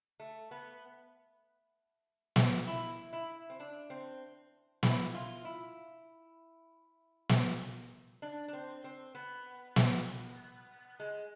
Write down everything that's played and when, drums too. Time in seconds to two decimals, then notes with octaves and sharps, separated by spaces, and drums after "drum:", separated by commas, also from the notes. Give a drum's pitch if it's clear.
0.20 A3
0.51 B3
2.36 drum: snare
2.67 E4
3.13 E4
3.50 C4
3.60 D4
3.90 C4
4.83 E4, drum: snare
5.14 F4
5.45 E4
7.29 drum: snare
8.22 D4
8.48 D4
8.53 C4
8.84 C4
9.15 B3
9.76 drum: snare
11.00 G#3